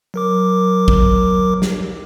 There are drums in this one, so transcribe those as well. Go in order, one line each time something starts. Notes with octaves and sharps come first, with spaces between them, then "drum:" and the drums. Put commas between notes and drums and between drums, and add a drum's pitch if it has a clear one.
F#3 A#4 D6
drum: kick
drum: snare